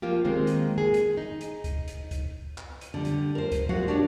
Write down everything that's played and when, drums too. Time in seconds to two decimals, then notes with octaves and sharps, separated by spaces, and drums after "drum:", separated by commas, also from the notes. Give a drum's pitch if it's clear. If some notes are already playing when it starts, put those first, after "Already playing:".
0.02 F3 A#3 F4 G4
0.25 D#3 G#3 A#3 C4
0.47 drum: hi-hat
0.78 G#4
0.94 drum: hi-hat
1.17 D#4
1.41 drum: hi-hat
1.64 drum: kick C#2, hi-hat
1.88 drum: hi-hat
2.11 drum: kick C#2, hi-hat
2.58 drum: clap
2.81 drum: hi-hat
2.94 D3 G3
3.05 drum: hi-hat
3.35 A#4 C5
3.52 drum: kick C#2, hi-hat
3.69 G3 G#3 F#4 F5 F#5
3.88 D4 F#4 G4 C#5 D5